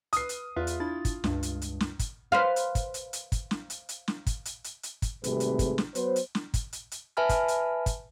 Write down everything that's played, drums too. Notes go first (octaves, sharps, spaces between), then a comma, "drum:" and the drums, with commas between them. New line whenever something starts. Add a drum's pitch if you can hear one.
B4 D#6 F6 C7, drum: hi-hat
drum: hi-hat
E2 F4 B4 E5
drum: hi-hat
D4 E4 A6
drum: kick, hi-hat
C#2 G2, drum: snare
drum: hi-hat
drum: hi-hat
drum: snare
drum: kick, hi-hat
B4 C5 F5
drum: hi-hat
drum: kick, hi-hat
drum: hi-hat
drum: hi-hat
drum: kick, hi-hat
drum: snare
drum: hi-hat
drum: hi-hat
drum: snare
drum: kick, hi-hat
drum: hi-hat
drum: hi-hat
drum: hi-hat
drum: kick, hi-hat
G#1 C3 G3 A3 G#4 B4, drum: hi-hat
drum: hi-hat
drum: kick, hi-hat
drum: snare
F#3 B3 B4 C5, drum: hi-hat
drum: hi-hat
drum: snare
drum: kick, hi-hat
drum: hi-hat
drum: hi-hat
B4 E5 G#5 A5 B5 F6
drum: kick, hi-hat
drum: hi-hat
drum: kick, hi-hat